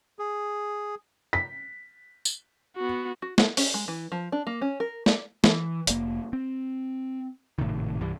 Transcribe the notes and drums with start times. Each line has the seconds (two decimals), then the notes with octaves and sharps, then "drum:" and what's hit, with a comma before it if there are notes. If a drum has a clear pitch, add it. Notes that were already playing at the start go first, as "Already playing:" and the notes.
0.19 G#4
1.33 B6
2.25 drum: tambourine
2.76 B3 F#4
3.22 F#4
3.38 F#5, drum: snare
3.57 C#4, drum: open hi-hat
3.74 G#3
3.88 E3
4.12 F3
4.32 D4
4.47 A#3
4.61 C#4
4.80 A#4
5.06 D5, drum: snare
5.44 E3, drum: snare
5.87 F1 A#3, drum: hi-hat
6.33 C4
7.58 G#1 A2 C3 D#3
8.01 C2 G2 E3 G3